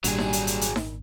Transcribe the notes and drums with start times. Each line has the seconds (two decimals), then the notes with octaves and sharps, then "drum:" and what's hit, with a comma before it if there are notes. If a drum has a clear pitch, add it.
0.04 G#1 A#2 F#3 G3 D4 G#4, drum: hi-hat
0.18 drum: snare D#4
0.33 drum: hi-hat
0.47 drum: hi-hat
0.61 drum: hi-hat
0.76 drum: snare D#4